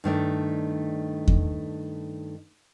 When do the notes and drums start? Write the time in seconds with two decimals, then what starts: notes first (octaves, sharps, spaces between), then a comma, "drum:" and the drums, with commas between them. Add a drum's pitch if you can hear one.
0.04 G2 D#3 A3 D5
1.28 drum: kick E2